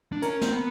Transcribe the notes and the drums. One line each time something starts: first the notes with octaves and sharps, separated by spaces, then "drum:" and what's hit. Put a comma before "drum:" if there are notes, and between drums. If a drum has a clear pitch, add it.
D4
C#4 A#4, drum: hi-hat
C4, drum: snare
B3